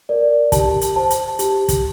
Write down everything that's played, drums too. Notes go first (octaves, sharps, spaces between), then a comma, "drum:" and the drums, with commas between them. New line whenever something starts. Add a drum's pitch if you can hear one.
A#4 D5
G4 A5, drum: kick, hi-hat
drum: hi-hat
C5 A5
drum: hi-hat
G4, drum: hi-hat
drum: kick, hi-hat